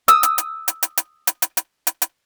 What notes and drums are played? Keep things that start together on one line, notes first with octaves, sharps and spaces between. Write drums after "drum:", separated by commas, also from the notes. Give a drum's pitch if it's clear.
D#6 E6, drum: hi-hat
drum: hi-hat
drum: hi-hat
drum: hi-hat
drum: hi-hat
drum: hi-hat
drum: hi-hat
drum: hi-hat
drum: hi-hat
drum: hi-hat
drum: hi-hat